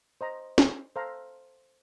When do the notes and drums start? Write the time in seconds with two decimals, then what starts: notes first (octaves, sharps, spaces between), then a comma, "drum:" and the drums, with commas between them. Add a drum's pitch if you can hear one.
0.21 C5 D#5 A#5
0.58 drum: snare
0.96 A4 C5 F5 A#5